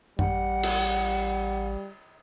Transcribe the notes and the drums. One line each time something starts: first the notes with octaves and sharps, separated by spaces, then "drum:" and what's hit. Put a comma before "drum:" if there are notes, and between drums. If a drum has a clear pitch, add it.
A1 G3 F#5, drum: tom F#2
drum: cymbal